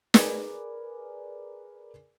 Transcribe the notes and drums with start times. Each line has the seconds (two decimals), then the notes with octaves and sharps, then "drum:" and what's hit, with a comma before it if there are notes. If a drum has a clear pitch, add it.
0.14 G#4 A#4 B4 D5 G#5 D6, drum: snare